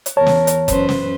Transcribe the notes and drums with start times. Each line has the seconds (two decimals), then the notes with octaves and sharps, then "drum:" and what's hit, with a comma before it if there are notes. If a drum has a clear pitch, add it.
0.06 drum: hi-hat
0.17 E2 A#4 C#5 A5
0.26 drum: snare
0.47 drum: hi-hat
0.68 F#2 B4 C5, drum: kick F#1, hi-hat
0.89 drum: snare